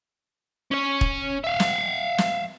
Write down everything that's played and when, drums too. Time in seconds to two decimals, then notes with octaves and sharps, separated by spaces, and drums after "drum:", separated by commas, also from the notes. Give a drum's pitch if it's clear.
0.72 C#4 C#5
1.01 drum: kick
1.44 E5 F5
1.60 drum: snare
2.18 drum: snare